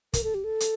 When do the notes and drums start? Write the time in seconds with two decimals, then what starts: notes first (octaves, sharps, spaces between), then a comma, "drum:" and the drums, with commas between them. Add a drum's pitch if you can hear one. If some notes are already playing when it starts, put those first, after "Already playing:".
0.13 A#4, drum: kick, hi-hat
0.24 A4
0.34 G4
0.44 A4
0.60 drum: hi-hat